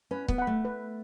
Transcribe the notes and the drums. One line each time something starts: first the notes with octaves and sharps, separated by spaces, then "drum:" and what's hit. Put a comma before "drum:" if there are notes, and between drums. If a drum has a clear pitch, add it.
C#4 B4
B3, drum: kick
F#5 B5
A3
B4